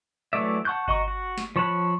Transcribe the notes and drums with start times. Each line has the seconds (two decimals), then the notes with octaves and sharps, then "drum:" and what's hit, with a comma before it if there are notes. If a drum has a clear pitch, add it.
0.33 E3 F#3 A3 D5 E5
0.65 F#5 A5 C#6 F#6 G6
0.88 F#4 D#5 A#5 C#6, drum: kick G1
1.08 F#4
1.38 drum: snare
1.56 F3 C#5 A5 B5 F#6